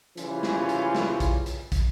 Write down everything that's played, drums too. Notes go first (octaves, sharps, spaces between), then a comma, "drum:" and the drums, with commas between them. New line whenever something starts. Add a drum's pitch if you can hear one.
C#3 E3 F3 G3 C#4 F4, drum: hi-hat
drum: snare
drum: hi-hat
drum: snare
drum: kick, hi-hat
drum: hi-hat
drum: kick, hi-hat